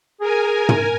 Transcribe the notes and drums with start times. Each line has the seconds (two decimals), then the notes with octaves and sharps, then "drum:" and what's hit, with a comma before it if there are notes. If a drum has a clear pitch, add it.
0.20 G#4 A#4 G#5
0.69 drum: tom